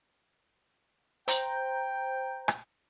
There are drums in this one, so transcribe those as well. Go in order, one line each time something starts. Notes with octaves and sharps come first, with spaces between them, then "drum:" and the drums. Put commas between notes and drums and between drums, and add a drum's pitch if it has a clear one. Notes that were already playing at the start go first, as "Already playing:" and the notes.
C5 G5 A#5 G6, drum: hi-hat
drum: rim click